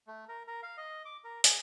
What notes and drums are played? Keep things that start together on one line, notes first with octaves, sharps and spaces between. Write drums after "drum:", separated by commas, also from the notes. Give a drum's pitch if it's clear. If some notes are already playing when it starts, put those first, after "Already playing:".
A3
A#4
A#4
F5
D#5
D6
A#4
G#4, drum: hi-hat